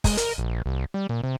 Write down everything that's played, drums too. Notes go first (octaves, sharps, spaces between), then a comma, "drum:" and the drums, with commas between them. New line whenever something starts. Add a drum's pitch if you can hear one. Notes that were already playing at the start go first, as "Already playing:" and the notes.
G#3, drum: kick, open hi-hat
A#4, drum: hi-hat
A#1
C2
G3
A#2
C3